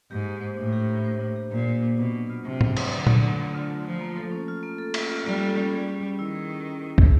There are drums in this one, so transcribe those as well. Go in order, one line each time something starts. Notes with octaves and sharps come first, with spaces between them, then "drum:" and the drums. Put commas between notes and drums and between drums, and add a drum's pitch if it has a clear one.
G#2 G4
A#3
C5
A2 D4
G4
A#3
C5
D4
G4
A#2 A#3
C5
D4
B2 D4
F#3
F4
C3 A3
D4, drum: tom G#2
F#3, drum: cymbal
D3 F4
A3, drum: tom A#2
D4
F#3
F4
A3
F3 F4
A#3
A4
C#4
F4
A#3
A4
C#4, drum: cymbal
F4
G3 A#3
A4
C#4
G3 G#4
C#4
C#4
D#3 E4
G#4
C#4
C#4
E4
G#4, drum: kick